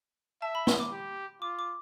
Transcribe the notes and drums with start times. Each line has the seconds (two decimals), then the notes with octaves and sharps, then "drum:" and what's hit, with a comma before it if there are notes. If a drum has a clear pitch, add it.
0.42 E5 A5
0.55 B5
0.67 C6, drum: snare
0.80 D6
0.91 G4
1.42 F4 D6
1.59 D6